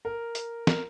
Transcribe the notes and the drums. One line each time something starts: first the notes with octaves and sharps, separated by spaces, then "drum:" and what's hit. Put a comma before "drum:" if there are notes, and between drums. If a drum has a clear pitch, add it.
A#4
drum: hi-hat
A#4, drum: snare